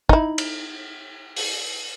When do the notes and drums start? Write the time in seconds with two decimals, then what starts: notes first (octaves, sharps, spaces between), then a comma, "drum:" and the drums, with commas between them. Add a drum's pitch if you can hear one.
0.09 D#4 E4, drum: kick
0.38 drum: cymbal
1.36 drum: open hi-hat